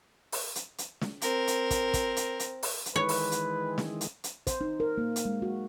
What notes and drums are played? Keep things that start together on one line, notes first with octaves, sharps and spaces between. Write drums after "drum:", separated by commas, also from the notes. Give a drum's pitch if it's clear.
drum: open hi-hat
drum: hi-hat
drum: hi-hat
drum: snare
C4 A#4, drum: hi-hat
drum: hi-hat
drum: kick, hi-hat
drum: kick, hi-hat
drum: hi-hat
drum: hi-hat
drum: open hi-hat
drum: hi-hat
D#3 E3 G#3 B4 C#5
drum: open hi-hat
drum: hi-hat
drum: snare
drum: hi-hat
drum: hi-hat
C5, drum: kick, hi-hat
D#4
A#4
A#3
drum: hi-hat
G#3
F#4